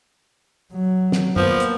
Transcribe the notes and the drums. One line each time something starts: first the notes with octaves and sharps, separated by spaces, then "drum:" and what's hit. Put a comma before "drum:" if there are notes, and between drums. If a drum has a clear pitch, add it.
F#3
drum: snare
F3 A#3 B3, drum: tom F#2
drum: hi-hat